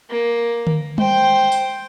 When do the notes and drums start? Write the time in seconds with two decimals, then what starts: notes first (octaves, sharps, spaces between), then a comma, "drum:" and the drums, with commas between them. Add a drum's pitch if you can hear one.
0.10 A#3
0.67 drum: tom D3
0.98 C5 G5, drum: tom G3
1.52 drum: tambourine